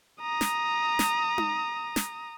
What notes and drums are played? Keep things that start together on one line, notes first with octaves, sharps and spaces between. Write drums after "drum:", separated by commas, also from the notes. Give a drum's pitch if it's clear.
A#5 D#6
drum: snare
drum: snare
drum: tom D#4
drum: snare